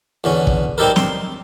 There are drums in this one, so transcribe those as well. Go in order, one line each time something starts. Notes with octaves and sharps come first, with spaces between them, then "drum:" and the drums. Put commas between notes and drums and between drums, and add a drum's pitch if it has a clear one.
E2 D3 C#4
drum: kick
G3 C4 D#4 G4 A4 A#4
C6, drum: snare